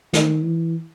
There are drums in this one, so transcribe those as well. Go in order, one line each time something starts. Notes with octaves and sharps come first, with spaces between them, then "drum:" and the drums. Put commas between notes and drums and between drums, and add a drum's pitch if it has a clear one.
D#3, drum: snare
E3